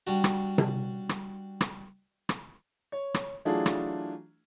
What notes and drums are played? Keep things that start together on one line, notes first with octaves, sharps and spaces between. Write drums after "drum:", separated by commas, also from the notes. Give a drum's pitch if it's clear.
G3 D4 F#4
drum: rim click
drum: tom C3
drum: rim click
drum: rim click
drum: rim click
C#5
drum: rim click
E3 F#3 A3 D4 F4 G#4
drum: rim click